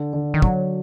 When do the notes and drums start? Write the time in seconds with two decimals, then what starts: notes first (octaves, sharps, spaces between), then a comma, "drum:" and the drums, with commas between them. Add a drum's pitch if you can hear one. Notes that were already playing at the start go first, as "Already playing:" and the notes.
Already playing: D3
0.13 D3
0.34 D#3
0.42 F#3 D4, drum: kick